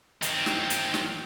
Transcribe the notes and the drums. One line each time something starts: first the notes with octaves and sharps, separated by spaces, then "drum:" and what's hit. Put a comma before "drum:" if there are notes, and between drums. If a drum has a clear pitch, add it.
D#3 C4, drum: hi-hat
drum: snare
drum: hi-hat
drum: snare